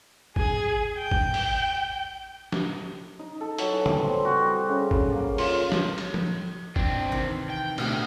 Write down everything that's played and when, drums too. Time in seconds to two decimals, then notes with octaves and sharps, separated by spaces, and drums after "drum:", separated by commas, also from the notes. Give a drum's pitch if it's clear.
0.36 G#4, drum: kick G1
0.98 G5
1.11 drum: kick G1
1.34 drum: open hi-hat
2.52 drum: snare
3.19 D#4
3.41 A4
3.58 F#3, drum: hi-hat
3.72 E3
3.86 G3, drum: tom
4.03 C4
4.25 F#4
4.40 G3
4.69 C#3
4.91 F#3, drum: kick G1
5.12 A#3
5.38 F4, drum: open hi-hat
5.72 drum: snare
5.98 drum: cymbal
6.14 drum: tom
6.76 C4 D4, drum: kick G1
7.12 C3 D#3 E3
7.50 G5
7.78 D2 B2 F#4 G4, drum: cymbal